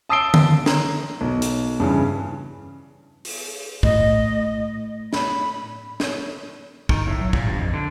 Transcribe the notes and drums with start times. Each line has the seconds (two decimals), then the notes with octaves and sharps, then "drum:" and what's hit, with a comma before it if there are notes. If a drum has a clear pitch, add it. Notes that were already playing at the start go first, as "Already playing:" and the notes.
0.09 A5 D#6 E6 C7 D7 G7
0.34 drum: tom D3
0.66 A#5, drum: snare
1.21 B1
1.42 drum: hi-hat
1.80 G2 C#3 E3
3.25 drum: open hi-hat
3.83 A2 D#5, drum: kick
5.13 B5, drum: snare
6.00 drum: snare
6.89 D#3, drum: kick
7.07 A2
7.21 F#3
7.33 A#2, drum: kick
7.46 G2
7.59 F2
7.73 D3